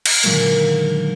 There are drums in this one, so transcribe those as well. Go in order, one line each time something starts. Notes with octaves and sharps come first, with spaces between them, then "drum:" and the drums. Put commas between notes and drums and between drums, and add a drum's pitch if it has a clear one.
drum: cymbal
A#2 D3 D#3 F#3 G#3 A#3, drum: hi-hat